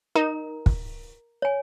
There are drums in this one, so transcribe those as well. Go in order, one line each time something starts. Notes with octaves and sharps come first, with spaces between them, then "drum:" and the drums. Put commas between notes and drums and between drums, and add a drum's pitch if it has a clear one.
D#4 A#4 A#5
drum: kick
C#5 G#5